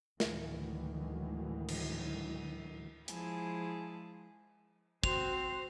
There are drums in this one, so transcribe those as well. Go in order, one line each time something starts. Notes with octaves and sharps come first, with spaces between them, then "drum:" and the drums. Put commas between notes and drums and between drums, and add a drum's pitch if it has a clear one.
D2 A2 D#3 E3 F#3 G#3, drum: snare
drum: cymbal
F3 G#3 E4 G#4 A5, drum: hi-hat
C4 F#4 C5 F7, drum: kick